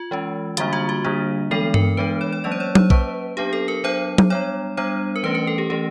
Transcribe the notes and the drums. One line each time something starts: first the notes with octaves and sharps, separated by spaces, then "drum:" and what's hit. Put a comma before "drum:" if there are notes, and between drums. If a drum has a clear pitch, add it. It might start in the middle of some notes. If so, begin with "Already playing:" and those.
Already playing: F4
E3 G#3 C#4
D3 G3 A#3 D4 F#4, drum: hi-hat
F4
F#4
D3 G3 A#3 D4
E3 G#3 B3 D4 A4
A#4, drum: tom G2
E3 G#3 B3 D4 B4
C#5
C#5
F#3 A#3 C#4 D5
C5
C#5
C5, drum: tom F#3
F#3 A#3 C#4 B4, drum: kick B1
F#3 B3 D4 G4
A4
A#4
F#3 B3 D4 C5
drum: tom F#3
G3 B3 D4 C#5
G3 B3 D4 C5
A#4
E3 A3 C#4 B4
A#4
A4
G4
E3 A3 C#4 G4